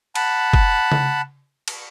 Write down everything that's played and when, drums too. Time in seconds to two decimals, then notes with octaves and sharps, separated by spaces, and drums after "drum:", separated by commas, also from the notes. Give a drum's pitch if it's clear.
0.15 F#5 A5 B5, drum: cymbal
0.53 drum: kick F#1
0.92 drum: tom C#3
1.68 drum: cymbal